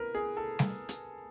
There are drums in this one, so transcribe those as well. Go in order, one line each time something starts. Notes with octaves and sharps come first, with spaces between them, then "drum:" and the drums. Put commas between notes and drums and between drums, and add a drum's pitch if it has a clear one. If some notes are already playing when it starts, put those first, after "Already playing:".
Already playing: A#4 B4
G#4
A4
drum: snare G3
drum: hi-hat